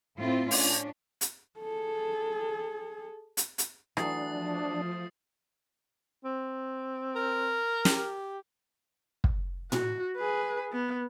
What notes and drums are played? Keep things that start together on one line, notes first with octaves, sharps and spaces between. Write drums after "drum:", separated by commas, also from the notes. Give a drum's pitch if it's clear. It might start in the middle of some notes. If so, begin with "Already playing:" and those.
A2 C4 E4 F4
C#4 D4, drum: open hi-hat
drum: hi-hat
G#4 A4
drum: hi-hat
drum: hi-hat
E3 F#3 A3 D4 D#6 A6 C7, drum: rim click
F3
C4
A#4
G4, drum: snare
drum: kick
F#4, drum: tom A2
G#4 B4
B3